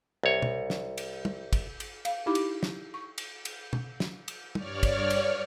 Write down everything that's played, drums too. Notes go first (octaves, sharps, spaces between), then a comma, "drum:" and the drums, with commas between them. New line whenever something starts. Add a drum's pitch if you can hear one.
C2 C#5
drum: tom
drum: snare
drum: cymbal
drum: tom
drum: kick, cymbal
drum: cymbal
F5, drum: cymbal
D#4 E4 G4 B5 D6
drum: cymbal
drum: snare
C#6
drum: cymbal
drum: cymbal
drum: tom
drum: snare
drum: cymbal
G2 C#5 D5 F6, drum: tom
drum: kick, cymbal
drum: cymbal